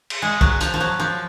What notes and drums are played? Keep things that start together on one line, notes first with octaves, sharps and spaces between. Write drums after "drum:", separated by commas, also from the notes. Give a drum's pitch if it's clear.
drum: cymbal
G#3
F#3, drum: kick
F3, drum: hi-hat
F3
F#3
F3